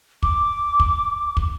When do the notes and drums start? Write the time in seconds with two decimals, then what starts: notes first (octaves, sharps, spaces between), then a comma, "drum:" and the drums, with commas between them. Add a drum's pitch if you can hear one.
0.23 D6, drum: kick
0.80 drum: kick
1.37 drum: kick